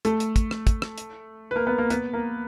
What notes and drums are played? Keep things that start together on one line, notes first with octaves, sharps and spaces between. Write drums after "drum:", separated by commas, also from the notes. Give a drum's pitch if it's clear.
A3 A4, drum: hi-hat
drum: hi-hat
drum: kick, hi-hat
drum: rim click
drum: kick, hi-hat
drum: rim click
drum: hi-hat
B4
A#3 A#4
B3 B4
A#3 A#4
B3 B4, drum: hi-hat
A#3 A#4